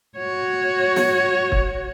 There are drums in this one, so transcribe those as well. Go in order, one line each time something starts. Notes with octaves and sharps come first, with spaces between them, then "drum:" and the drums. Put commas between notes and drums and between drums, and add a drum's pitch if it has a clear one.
F#4 C#5
drum: snare
drum: kick